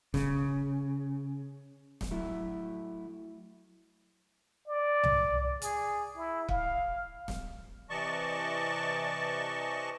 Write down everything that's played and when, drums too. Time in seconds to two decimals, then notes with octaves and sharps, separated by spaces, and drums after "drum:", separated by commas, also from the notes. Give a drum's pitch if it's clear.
0.14 C#3, drum: snare
2.01 drum: snare
2.11 F#3 A3 E4
4.68 D5
5.04 drum: tom C2
5.62 G#4, drum: hi-hat
6.17 E4
6.49 F5, drum: kick
7.28 drum: snare
7.90 C3 E3 D5 D#5 A5 C#6